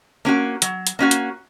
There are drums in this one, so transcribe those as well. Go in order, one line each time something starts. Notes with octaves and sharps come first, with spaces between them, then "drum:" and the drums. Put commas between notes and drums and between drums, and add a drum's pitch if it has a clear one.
A#3 C#4 F#4
F#3, drum: hi-hat
drum: hi-hat
A#3 C#4 F#4
drum: hi-hat